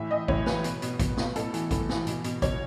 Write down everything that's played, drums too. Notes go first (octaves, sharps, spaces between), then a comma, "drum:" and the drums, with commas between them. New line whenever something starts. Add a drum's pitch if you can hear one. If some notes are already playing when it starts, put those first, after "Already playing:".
Already playing: A2 E3 E5
E3 D#5
A2 C#5, drum: kick A1
E3 B4, drum: snare
B2, drum: hi-hat
B2, drum: hi-hat
B2, drum: kick A1, hi-hat
B2, drum: snare
A2 A4, drum: hi-hat
E3, drum: hi-hat
A2, drum: kick A1, hi-hat
E3, drum: snare
B2, drum: hi-hat
B2, drum: hi-hat
B2 C#5, drum: kick A1, hi-hat